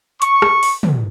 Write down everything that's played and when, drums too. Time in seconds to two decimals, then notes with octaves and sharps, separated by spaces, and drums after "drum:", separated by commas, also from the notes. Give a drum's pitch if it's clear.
0.22 C#6, drum: hi-hat
0.42 drum: rim click
0.63 drum: open hi-hat
0.83 drum: tom